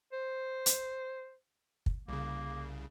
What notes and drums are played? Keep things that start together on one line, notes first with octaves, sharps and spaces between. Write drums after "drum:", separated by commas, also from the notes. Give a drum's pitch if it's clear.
C5
drum: hi-hat
drum: kick
C2 C#3 A#3